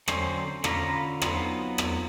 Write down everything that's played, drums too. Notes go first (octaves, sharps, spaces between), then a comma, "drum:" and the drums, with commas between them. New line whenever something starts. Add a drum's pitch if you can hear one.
D3 F#3 C4 C#4 C5, drum: rim click
D3 C#4 F4 A#5 B5, drum: rim click
F#3 B3 C4 D#4 F4, drum: rim click
drum: rim click